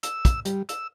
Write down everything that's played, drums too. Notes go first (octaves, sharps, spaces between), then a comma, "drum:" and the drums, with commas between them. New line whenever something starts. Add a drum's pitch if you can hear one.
E6, drum: hi-hat
drum: kick, hi-hat
G3, drum: hi-hat
E6, drum: hi-hat